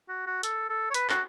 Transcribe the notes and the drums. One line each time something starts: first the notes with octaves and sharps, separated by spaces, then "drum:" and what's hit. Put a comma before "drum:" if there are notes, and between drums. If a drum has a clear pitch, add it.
F#4
F#4
A4, drum: hi-hat
A4
C#5
B4, drum: hi-hat
F#4, drum: clap